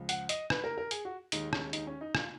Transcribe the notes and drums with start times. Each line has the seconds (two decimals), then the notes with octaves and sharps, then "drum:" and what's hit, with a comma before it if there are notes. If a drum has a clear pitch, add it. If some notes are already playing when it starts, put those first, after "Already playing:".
Already playing: C#2 C#3 F3
0.09 F#5, drum: hi-hat
0.29 D#5, drum: hi-hat
0.50 B4, drum: rim click
0.64 A#4
0.78 A#4
0.91 G#4, drum: hi-hat
1.05 F#4
1.32 D#2 D#3 G#3 D#4, drum: hi-hat
1.53 C#4, drum: rim click
1.73 D#4, drum: hi-hat
1.87 C#4
2.01 D#4
2.15 F4, drum: rim click